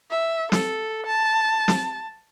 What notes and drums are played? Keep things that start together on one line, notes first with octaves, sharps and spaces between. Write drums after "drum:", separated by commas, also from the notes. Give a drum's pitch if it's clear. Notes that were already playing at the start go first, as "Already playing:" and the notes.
E5
A4, drum: snare
A5
drum: snare